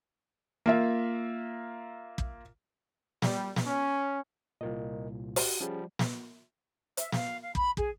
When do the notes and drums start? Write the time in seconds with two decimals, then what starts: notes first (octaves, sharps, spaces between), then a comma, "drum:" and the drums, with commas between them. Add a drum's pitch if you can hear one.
0.66 A#3 F4 E5
2.18 drum: kick
3.22 G3, drum: snare
3.56 drum: snare
3.67 C#4
4.61 C2 A#2 F4 A#4 D#5
5.36 F#4 G4, drum: open hi-hat
5.60 F3 G3 C#4 G#4
5.99 drum: snare
6.97 E5, drum: hi-hat
7.12 F5, drum: snare
7.42 F5
7.55 B5, drum: kick
7.77 G#4, drum: kick